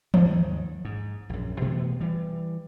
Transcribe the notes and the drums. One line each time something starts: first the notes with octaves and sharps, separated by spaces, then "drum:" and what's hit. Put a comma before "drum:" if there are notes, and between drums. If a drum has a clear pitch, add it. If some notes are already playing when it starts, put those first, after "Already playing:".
D#2 G#2 D#3, drum: tom E3
G#2
A#1 F#2
B2 E3 A3 B3
E3 G3